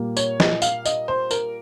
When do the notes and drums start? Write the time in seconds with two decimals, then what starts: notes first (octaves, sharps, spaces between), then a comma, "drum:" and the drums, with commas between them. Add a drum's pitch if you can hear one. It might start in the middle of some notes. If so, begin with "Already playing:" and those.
Already playing: A#2 G3 A#3
0.17 C#5, drum: tambourine
0.40 D#5, drum: snare
0.62 F5, drum: tambourine
0.85 D#5, drum: tambourine
1.08 C5
1.31 A#4, drum: tambourine